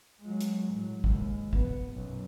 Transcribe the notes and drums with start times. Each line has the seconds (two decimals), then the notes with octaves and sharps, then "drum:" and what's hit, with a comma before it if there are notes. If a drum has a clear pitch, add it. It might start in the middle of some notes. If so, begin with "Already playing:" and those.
0.21 F#3 G#3
0.41 drum: hi-hat
0.73 A2 F#3
1.04 D#2 G#3, drum: kick
1.53 B3, drum: kick
1.94 B1 F#2